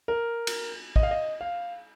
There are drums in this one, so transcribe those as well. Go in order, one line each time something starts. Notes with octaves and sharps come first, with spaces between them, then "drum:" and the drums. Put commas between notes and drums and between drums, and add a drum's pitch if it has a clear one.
A#4
drum: cymbal
D#5, drum: kick
F5
D#5
F5